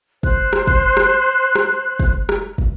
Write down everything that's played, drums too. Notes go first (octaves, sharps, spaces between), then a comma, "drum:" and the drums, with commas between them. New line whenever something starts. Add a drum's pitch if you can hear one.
C5 F#6, drum: kick
drum: rim click
drum: kick
drum: rim click
drum: rim click
drum: kick
drum: rim click
drum: kick